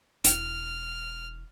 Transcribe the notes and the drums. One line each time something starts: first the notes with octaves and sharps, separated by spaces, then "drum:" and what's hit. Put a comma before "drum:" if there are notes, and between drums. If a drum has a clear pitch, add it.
E1 E4 F6, drum: hi-hat